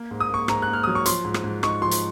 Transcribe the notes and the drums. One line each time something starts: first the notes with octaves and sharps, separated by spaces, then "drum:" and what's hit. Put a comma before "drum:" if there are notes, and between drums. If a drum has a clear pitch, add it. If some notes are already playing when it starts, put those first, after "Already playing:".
Already playing: A#3
G#2
D#6
A#3 C#6
G#2 A#5, drum: rim click
A#3 F#6
F6
F#3 D#6
C#6
F3 C6, drum: hi-hat
G#2
drum: rim click
G#2
D#4 C#6, drum: rim click
F3 C6
drum: hi-hat